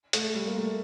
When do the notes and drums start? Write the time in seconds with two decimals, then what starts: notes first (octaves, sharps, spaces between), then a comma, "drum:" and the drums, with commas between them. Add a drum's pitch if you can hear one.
0.13 A3, drum: hi-hat
0.35 G3
0.46 A#3
0.56 A3